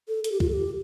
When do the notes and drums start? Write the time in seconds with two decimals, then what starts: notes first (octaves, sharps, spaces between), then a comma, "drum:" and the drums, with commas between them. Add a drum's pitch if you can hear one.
0.08 A4
0.24 A4, drum: hi-hat
0.32 G4
0.40 F4, drum: kick C2
0.49 A4
0.53 G4